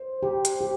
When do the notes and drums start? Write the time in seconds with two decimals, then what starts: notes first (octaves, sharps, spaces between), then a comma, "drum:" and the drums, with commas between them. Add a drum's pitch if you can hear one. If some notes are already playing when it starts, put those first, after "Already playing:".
Already playing: C5
0.23 G4
0.45 drum: hi-hat
0.61 G4